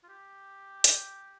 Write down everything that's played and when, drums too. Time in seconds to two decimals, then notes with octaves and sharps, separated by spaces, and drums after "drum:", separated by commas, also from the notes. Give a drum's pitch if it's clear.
0.03 F4
0.09 G4
0.84 drum: hi-hat